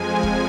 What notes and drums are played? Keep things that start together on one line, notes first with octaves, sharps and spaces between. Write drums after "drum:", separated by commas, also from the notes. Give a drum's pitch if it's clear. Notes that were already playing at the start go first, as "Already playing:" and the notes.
Already playing: F2 F3 G#3 G#5
drum: kick